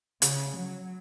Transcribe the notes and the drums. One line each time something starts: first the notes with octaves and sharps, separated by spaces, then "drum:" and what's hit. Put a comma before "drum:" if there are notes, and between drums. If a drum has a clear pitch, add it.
C#3, drum: hi-hat
F#3